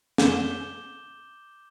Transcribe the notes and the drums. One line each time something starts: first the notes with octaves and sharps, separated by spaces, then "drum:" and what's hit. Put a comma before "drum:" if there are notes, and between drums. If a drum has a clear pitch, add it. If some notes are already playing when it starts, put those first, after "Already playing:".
D6 G6 E7 G7, drum: snare